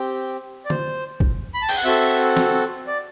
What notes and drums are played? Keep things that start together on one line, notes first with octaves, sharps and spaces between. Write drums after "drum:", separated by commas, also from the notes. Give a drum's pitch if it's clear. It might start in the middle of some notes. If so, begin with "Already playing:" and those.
Already playing: C4 G4
D5
C5, drum: tom D3
drum: kick
B5
A5
G5, drum: cymbal
F#5
C4 F#4 A4 E5
drum: snare
D5